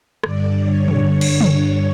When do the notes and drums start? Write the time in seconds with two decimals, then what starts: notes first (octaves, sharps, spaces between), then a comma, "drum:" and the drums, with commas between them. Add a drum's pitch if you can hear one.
0.23 G2 D3 D5, drum: rim click
0.63 C#5
0.88 drum: tom
1.21 drum: cymbal
1.41 drum: tom